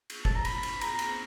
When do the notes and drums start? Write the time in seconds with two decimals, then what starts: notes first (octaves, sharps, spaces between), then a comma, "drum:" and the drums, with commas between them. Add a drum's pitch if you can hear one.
0.10 drum: cymbal
0.25 A5, drum: kick
0.35 A#5
0.45 B5, drum: cymbal
0.63 drum: cymbal
0.81 A#5, drum: cymbal
0.99 drum: cymbal